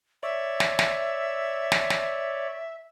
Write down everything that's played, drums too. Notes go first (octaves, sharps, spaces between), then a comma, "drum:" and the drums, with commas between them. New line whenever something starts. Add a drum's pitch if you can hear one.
C#5 D5 E5
drum: snare
drum: snare
drum: snare
drum: snare